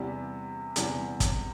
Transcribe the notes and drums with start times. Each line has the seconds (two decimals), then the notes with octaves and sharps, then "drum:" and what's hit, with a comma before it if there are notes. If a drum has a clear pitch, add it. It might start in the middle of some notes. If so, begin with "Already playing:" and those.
Already playing: E2 C3 G3
0.76 E2 C3 G3, drum: hi-hat
1.20 drum: kick, hi-hat